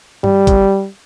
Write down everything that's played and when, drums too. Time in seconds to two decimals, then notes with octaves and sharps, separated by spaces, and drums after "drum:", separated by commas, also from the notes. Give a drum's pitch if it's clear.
0.24 G3, drum: tom G2
0.47 drum: kick, hi-hat